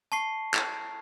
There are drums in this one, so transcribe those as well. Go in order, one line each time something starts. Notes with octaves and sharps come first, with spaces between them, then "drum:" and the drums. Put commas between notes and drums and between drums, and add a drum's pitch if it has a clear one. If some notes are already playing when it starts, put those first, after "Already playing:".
A5 C#6 C7
drum: clap